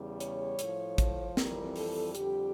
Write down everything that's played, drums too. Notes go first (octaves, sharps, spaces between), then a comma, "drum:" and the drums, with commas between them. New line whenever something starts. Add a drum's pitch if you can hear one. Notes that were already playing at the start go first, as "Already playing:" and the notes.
Already playing: E2 C#3 G3
C#5, drum: hi-hat
A2 F3, drum: hi-hat
drum: kick, hi-hat
F2 E3 G3 A#4, drum: snare
A4, drum: open hi-hat
F2 D3 G3 G4, drum: hi-hat